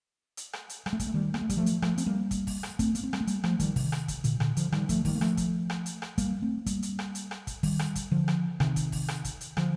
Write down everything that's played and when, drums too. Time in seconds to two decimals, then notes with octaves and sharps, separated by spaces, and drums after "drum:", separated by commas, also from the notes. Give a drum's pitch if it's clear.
0.37 drum: hi-hat
0.53 drum: rim click
0.69 drum: hi-hat
0.86 G3, drum: rim click
0.93 A3
1.00 G3, drum: kick, hi-hat
1.07 A3
1.14 D#3 G3
1.34 A#3, drum: rim click
1.41 A3
1.50 G3, drum: kick, hi-hat
1.57 F3 A3
1.66 drum: hi-hat
1.82 F3 A3, drum: rim click
1.98 C4, drum: hi-hat
2.06 G3 A#3
2.31 drum: kick, hi-hat
2.47 drum: kick, open hi-hat
2.63 drum: rim click
2.79 A3 C4, drum: kick, hi-hat
2.95 A#3, drum: hi-hat
3.03 A3 C4
3.13 G3, drum: rim click
3.21 A3
3.27 G3 A#3, drum: hi-hat
3.44 F3 A3, drum: rim click
3.60 D#3 G3, drum: kick, hi-hat
3.76 C3 D#3, drum: kick, open hi-hat
3.92 drum: rim click
4.08 drum: kick, hi-hat
4.24 A#2 D3, drum: hi-hat
4.40 A#2 D3, drum: rim click
4.57 D3 F3, drum: hi-hat
4.72 D#3 G3, drum: rim click
4.89 F3 A3, drum: kick, hi-hat
5.05 D#3 G3, drum: kick, open hi-hat
5.15 A#3
5.21 F3 A3, drum: rim click
5.37 drum: kick, hi-hat
5.70 drum: rim click
5.86 drum: hi-hat
6.02 drum: rim click
6.18 G3 A#3, drum: kick, hi-hat
6.42 A3 C4
6.66 G3 A#3, drum: kick, hi-hat
6.83 drum: hi-hat
6.99 drum: rim click
7.15 drum: hi-hat
7.31 drum: rim click
7.47 drum: kick, hi-hat
7.63 D#3 G3, drum: kick, open hi-hat
7.79 drum: rim click
7.95 drum: kick, hi-hat
8.11 D3 F3
8.28 drum: rim click
8.60 C3 D#3, drum: rim click
8.76 drum: kick, hi-hat
8.92 drum: kick, open hi-hat
9.08 drum: rim click
9.25 drum: kick, hi-hat
9.41 drum: hi-hat
9.57 D3 F3, drum: rim click